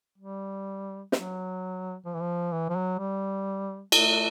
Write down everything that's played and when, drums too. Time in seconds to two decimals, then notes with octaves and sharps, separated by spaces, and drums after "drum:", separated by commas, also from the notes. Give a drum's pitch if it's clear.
0.18 G3
1.12 F#3, drum: snare
2.06 F3
2.14 E3
2.22 F3
2.52 E3
2.69 F3
2.76 F#3
2.99 G3
3.92 A3, drum: cymbal